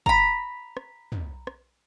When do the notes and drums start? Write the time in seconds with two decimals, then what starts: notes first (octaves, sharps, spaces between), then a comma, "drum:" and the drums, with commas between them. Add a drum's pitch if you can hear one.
0.06 A#5 B5, drum: kick
0.77 drum: rim click
1.12 drum: tom
1.47 drum: rim click